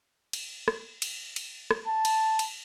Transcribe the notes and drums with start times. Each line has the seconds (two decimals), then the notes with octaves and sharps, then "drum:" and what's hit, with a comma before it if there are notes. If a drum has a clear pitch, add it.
0.33 drum: cymbal
0.68 drum: rim click
1.02 drum: cymbal
1.36 drum: cymbal
1.71 drum: rim click
1.88 A5
2.05 drum: cymbal
2.39 drum: cymbal